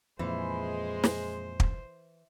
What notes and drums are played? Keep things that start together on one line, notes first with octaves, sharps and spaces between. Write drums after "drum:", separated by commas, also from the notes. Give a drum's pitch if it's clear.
F2 A#2 E3 G#3 C5
drum: snare
drum: kick